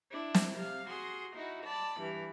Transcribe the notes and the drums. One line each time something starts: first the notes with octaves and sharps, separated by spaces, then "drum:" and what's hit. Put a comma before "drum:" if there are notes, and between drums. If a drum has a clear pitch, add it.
D4 E4
drum: snare
C3 F5
F#4 G#4 C6
D#4 E4 F#4
D5 A5 B5
G2 E3